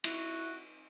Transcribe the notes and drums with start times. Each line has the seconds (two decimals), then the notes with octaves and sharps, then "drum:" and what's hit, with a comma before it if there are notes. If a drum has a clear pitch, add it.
0.04 E4 F#4, drum: cymbal